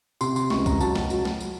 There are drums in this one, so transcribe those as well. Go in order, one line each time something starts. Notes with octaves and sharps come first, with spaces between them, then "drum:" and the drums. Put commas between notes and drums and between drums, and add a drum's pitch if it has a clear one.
C3 C6, drum: tambourine
C6, drum: tambourine
C#2 C#6, drum: snare
A#5, drum: kick, tambourine
F#3 A5, drum: tambourine
drum: snare
F#3, drum: tambourine
drum: snare
drum: tambourine